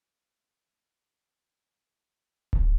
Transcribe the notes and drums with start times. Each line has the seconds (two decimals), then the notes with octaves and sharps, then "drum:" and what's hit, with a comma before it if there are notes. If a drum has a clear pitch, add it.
0.08 C#6 D6 E6 F#6
2.53 drum: kick D1